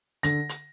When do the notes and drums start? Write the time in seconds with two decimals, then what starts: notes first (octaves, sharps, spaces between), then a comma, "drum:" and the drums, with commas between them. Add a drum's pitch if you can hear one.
0.23 D3 A#6, drum: hi-hat
0.49 drum: hi-hat